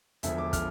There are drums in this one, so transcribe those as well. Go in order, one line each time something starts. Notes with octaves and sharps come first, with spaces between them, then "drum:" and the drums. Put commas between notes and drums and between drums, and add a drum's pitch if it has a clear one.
E1 E2 D3 F3 E5, drum: hi-hat
D6
D3 F3 F6, drum: kick, hi-hat